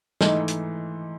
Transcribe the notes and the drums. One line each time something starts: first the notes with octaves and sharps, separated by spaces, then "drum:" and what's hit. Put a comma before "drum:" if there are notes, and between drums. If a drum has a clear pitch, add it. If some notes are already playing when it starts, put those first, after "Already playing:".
G#2 E3 A3 D#4, drum: snare
drum: hi-hat